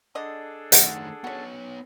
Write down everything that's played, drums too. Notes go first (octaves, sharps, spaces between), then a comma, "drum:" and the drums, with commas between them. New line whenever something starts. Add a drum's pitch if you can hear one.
D3 D4 G#4 A4 D#5
D#3 A3 F#5, drum: hi-hat
B3 C#4 F#4 C#5